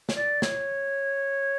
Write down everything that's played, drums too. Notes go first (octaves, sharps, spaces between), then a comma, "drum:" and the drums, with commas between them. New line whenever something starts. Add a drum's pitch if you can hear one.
C#5, drum: snare
D5
C#5, drum: snare